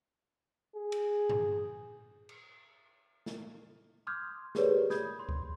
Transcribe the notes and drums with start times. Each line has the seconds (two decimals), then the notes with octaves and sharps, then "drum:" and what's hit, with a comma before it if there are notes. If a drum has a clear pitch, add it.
0.75 G#4
0.92 drum: cymbal
1.29 drum: tom G2
2.29 drum: cymbal
3.26 drum: snare
4.07 C6 D6 D#6 F6 G6 G#6
4.55 G4 G#4 A#4 B4 C#5 D5, drum: snare
4.90 B5 D#6 G6 G#6, drum: snare
5.19 C6
5.29 drum: kick C#2